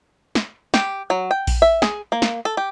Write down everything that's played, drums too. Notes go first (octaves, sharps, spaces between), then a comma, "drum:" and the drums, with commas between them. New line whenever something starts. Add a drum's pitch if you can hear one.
drum: snare
G4, drum: snare
F#3
G5
drum: kick A#1, open hi-hat
E5
G#4, drum: snare
A#3
drum: snare
A4
G4